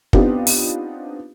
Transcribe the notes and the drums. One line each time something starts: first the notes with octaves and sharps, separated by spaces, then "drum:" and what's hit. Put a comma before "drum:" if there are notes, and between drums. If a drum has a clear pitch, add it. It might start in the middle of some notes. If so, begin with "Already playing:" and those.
B3 C4 D4 D#4 F4 G4, drum: kick
drum: open hi-hat